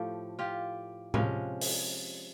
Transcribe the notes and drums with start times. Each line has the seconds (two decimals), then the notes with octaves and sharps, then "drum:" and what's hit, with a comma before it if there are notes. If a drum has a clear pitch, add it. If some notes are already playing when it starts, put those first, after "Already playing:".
Already playing: A2 F3 A3 F4 G4
0.39 F4 G4
1.14 C3 F3 G#3 C#4, drum: tom A2
1.61 drum: open hi-hat